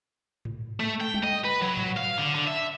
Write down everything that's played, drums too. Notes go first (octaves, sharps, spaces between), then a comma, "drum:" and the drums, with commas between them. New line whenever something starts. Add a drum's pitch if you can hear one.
drum: tom G#2
A3
G5
drum: tom
D#5
B4
F#3
drum: tom G#2
F5
D3
D3
E5